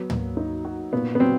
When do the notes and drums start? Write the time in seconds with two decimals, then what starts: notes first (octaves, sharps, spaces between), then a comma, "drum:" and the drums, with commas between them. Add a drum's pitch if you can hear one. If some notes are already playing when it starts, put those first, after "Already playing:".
Already playing: F#3 B3
0.10 A#3, drum: tom
0.37 D#4
0.65 F#4
0.93 A#2 B3
1.15 B3
1.20 F#3 C4